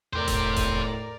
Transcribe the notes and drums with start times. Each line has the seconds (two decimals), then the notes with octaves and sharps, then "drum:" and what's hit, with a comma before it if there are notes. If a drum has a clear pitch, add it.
0.13 E2 A2 G4 A#4 C5 D5
0.28 drum: kick E1, hi-hat
0.56 drum: kick E1, hi-hat